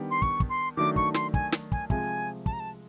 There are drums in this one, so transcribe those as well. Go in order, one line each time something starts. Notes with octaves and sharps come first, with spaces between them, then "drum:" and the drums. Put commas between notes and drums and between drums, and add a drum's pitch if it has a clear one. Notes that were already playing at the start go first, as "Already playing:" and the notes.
Already playing: D#3 G3 B3 D4 G4
C6
C#6, drum: kick
drum: kick
C6
D#3 F#3 A3 D4 D6
C#6, drum: kick
C6, drum: snare
G#5, drum: kick
drum: snare
G#5, drum: kick
C3 F3 G#3 G#5, drum: kick
A5, drum: kick
A#5
A5